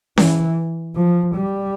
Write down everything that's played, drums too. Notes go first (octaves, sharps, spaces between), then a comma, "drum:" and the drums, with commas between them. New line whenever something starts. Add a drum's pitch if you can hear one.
E3, drum: snare C#4
F3
G3